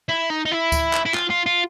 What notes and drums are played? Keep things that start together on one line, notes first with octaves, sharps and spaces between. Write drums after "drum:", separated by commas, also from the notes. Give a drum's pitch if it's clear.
E4
D#4
D#4
E4
drum: kick D2, tambourine
drum: clap
E4
F4, drum: clap
F4
F4